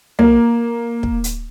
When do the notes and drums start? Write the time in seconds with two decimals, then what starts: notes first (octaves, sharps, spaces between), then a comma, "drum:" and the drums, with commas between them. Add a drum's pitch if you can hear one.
0.19 A#3, drum: tom
1.03 drum: kick
1.24 drum: hi-hat